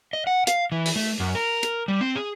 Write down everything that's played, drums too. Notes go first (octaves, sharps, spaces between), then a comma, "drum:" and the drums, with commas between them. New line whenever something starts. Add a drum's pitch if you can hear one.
D#5
F#5
F5, drum: hi-hat
E3
drum: open hi-hat
A3
F#2
A#4
drum: hi-hat
G3
C4
G#4